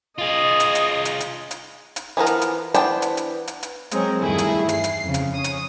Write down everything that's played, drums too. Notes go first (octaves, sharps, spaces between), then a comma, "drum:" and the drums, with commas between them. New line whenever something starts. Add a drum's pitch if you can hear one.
F4 G#4 D#5
drum: hi-hat
drum: hi-hat
drum: hi-hat
drum: hi-hat
drum: hi-hat
drum: hi-hat
E3 F3 B3 A#4
drum: hi-hat
drum: hi-hat
E3 B3 D4 C5 G5, drum: hi-hat
drum: hi-hat
drum: hi-hat
drum: hi-hat
drum: hi-hat
F#3 G#3 C4 C#4 A#4, drum: hi-hat
E2 G2 D#3 A3 E4 G#4
drum: hi-hat
C7, drum: hi-hat
drum: hi-hat
F2 C#3
drum: hi-hat
C#4 D#6
drum: hi-hat